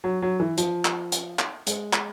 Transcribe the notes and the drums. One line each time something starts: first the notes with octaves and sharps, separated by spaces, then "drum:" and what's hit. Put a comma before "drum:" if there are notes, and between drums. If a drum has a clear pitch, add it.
F#3
F#3
E3
F3, drum: hi-hat
drum: clap
drum: hi-hat
drum: clap
G#3, drum: hi-hat
drum: clap